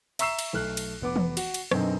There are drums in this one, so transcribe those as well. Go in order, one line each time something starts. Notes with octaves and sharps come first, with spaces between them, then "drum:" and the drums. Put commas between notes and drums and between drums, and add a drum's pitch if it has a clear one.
E5 A#5 C#6 E6 C7 E7, drum: cymbal
drum: cymbal
B1 A3 F6 F#6
drum: cymbal
F1 B3 D6
drum: tom E3
F#4, drum: cymbal
drum: cymbal
F#2 B2 D3 F#3 C4 D#4, drum: rim click